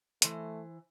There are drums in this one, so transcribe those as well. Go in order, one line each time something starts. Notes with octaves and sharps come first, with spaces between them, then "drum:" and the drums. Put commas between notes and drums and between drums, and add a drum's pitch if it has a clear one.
E3 A3 C5, drum: hi-hat